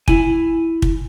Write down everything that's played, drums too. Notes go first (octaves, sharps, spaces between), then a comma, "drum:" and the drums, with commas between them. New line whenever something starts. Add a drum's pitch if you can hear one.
E4 G#5, drum: kick
drum: kick